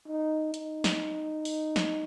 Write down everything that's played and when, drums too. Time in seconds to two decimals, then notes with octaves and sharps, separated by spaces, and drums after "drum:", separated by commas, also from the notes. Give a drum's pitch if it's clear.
0.08 D#4
0.54 D#4, drum: hi-hat
0.84 drum: snare
1.45 drum: open hi-hat
1.76 drum: snare